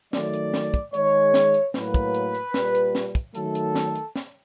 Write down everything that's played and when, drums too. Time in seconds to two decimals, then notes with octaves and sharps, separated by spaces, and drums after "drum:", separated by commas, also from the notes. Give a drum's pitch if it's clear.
0.13 D#3 F#3 A3 D5, drum: snare
0.33 drum: hi-hat
0.54 drum: snare
0.74 drum: kick, hi-hat
0.94 D#3 G#3 C#5, drum: hi-hat
1.34 drum: snare
1.54 drum: hi-hat
1.74 A2 F#3 A#3 B4, drum: snare
1.94 drum: kick, hi-hat
2.14 drum: hi-hat
2.35 drum: hi-hat
2.54 A#2 G3 A#3, drum: snare
2.75 drum: hi-hat
2.95 drum: snare
3.15 drum: kick, hi-hat
3.35 D#3 F#3 A3 A4, drum: hi-hat
3.55 drum: hi-hat
3.75 drum: snare
3.95 drum: hi-hat
4.16 drum: snare